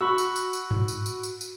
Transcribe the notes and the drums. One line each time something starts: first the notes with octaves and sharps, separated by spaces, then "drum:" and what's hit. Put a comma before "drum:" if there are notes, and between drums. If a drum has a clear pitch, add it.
F#4 B5 C#6 E6
drum: tambourine
drum: tambourine
drum: tambourine
drum: tom G2
drum: tambourine
drum: tambourine
drum: tambourine
drum: tambourine